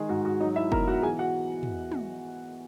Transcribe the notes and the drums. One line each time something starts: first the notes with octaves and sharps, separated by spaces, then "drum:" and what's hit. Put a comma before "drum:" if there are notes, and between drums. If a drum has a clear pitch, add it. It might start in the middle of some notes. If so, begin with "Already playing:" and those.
Already playing: D#3 G#3 G#4
G#2 F#4
F#4
F#3 D#4 D#5
E4 E5
B2 A#4 A#5, drum: kick
F#4 F#5
E3 G#4 G#5
F#4 F#5
drum: tom
drum: tom